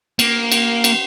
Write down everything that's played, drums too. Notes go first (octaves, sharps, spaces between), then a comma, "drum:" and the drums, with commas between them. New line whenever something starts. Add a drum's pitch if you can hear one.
A#3, drum: cymbal
drum: cymbal
drum: cymbal